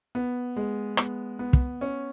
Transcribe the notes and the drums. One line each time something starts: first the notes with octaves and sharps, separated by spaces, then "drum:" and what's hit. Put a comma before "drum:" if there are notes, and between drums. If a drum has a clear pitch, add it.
B3
G#3
B3, drum: rim click
B3
drum: kick
C#4